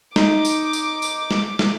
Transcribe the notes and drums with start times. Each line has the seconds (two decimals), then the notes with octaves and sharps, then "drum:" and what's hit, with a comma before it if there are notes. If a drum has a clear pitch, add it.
0.16 D#4 D6, drum: snare
0.45 drum: tambourine
0.73 drum: tambourine
1.02 drum: tambourine
1.31 drum: snare
1.59 drum: snare